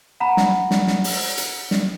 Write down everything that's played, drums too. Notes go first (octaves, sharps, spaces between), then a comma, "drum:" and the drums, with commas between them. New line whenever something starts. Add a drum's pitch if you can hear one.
F#5 A#5 B5
drum: snare
drum: snare
drum: snare
drum: open hi-hat
drum: hi-hat
drum: snare